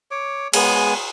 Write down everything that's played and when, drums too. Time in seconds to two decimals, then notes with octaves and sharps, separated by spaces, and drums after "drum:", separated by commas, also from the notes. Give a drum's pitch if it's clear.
0.11 C#5 D6
0.53 G#3 B3 G#5, drum: cymbal